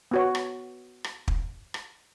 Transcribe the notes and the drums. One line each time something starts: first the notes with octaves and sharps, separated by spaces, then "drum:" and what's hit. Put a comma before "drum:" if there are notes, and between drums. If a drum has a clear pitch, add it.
B3 F#4 C#5
drum: rim click
drum: rim click
drum: kick
drum: rim click